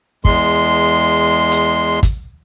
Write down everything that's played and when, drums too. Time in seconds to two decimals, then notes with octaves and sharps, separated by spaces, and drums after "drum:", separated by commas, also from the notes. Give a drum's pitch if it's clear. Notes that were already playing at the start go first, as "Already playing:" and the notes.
0.25 E2 G#3 C6, drum: kick
1.52 drum: hi-hat
2.03 drum: kick, hi-hat